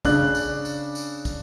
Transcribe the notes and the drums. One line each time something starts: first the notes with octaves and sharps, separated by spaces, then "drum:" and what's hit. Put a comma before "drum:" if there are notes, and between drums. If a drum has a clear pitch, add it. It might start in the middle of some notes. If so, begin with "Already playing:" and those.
C#3 D4 F#6, drum: kick, tambourine
drum: tambourine
drum: tambourine
drum: tambourine
drum: kick, tambourine